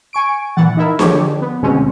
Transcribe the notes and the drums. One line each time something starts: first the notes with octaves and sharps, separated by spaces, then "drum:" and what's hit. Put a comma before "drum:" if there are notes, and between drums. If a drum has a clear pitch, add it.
G#5 C#6 D7
A#2 E3 F#5 A6
D#4 E4 A#4
D3 F3 G4 G#4 C#5, drum: snare
B3
D2 B2 G#3 C4 C#4